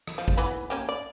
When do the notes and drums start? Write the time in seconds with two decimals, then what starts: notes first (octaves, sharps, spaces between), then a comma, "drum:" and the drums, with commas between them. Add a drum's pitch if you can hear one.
0.07 drum: rim click
0.18 F3
0.28 drum: kick
0.37 E3 B3 B5
0.70 A#3 C#4 G4
0.89 D5